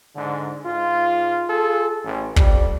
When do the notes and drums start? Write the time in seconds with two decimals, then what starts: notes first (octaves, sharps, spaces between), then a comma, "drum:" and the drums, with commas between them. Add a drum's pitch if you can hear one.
0.15 G#2 D3
0.65 G#2 F4
1.50 F4 G#4 A4
2.04 A1
2.36 F2 G3, drum: kick